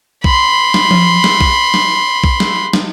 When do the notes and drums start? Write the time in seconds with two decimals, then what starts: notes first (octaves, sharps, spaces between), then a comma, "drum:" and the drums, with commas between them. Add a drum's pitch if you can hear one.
0.24 B5 C6, drum: kick B1
0.74 drum: snare
0.91 drum: tom F3
1.24 drum: snare
1.41 drum: kick B1
1.74 drum: snare
2.24 drum: kick B1
2.40 drum: snare
2.73 drum: snare